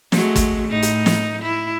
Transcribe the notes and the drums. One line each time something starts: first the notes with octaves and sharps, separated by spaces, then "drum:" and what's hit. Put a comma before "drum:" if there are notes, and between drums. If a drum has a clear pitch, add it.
F#3 G#3 A3, drum: snare
drum: kick, hi-hat
A2 D#4
drum: hi-hat
drum: snare
E4